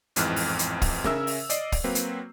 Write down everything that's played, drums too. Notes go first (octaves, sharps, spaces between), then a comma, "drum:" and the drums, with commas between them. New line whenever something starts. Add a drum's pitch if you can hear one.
A1 F2 G#2 E3 F6 F#6, drum: hi-hat
drum: open hi-hat
drum: hi-hat
drum: kick, open hi-hat
C#3 C#4 A#4 E5 E6, drum: snare
drum: open hi-hat
D5 D#5 C7, drum: hi-hat
drum: kick, open hi-hat
F#3 A#3 C4 B4
drum: hi-hat